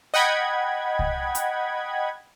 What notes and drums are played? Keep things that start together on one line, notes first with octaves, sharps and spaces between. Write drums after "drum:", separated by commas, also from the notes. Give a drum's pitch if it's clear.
D#5 F#5 G5 B5 G#6
drum: kick C2
drum: hi-hat